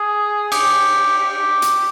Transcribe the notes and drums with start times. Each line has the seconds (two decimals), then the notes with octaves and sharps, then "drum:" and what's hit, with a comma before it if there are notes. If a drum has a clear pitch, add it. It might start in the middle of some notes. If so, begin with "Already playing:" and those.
Already playing: G#4
0.52 G4, drum: cymbal
1.18 G4
1.62 drum: hi-hat